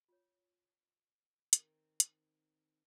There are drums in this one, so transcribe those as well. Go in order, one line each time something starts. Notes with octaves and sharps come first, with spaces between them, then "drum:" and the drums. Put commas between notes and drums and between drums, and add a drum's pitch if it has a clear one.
F4 C#5
D#3 C4, drum: hi-hat
drum: hi-hat